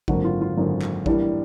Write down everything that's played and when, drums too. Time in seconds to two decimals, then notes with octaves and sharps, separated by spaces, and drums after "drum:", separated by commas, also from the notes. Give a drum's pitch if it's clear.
0.08 G#1 F#2 D3 F#3 A#3 F#4, drum: kick A1
0.24 F4
0.41 F4
0.57 G#1 F#2 D3 F#3 A#3
0.82 drum: clap
1.06 A2 E3 G3 A#3 D4, drum: kick A1